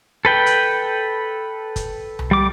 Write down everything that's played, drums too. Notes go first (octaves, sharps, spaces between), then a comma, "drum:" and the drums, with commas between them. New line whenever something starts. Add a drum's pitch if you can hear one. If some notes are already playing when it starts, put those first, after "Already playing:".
A4 B4 G5
drum: hi-hat
drum: kick, hi-hat
drum: tom C2
G3 D6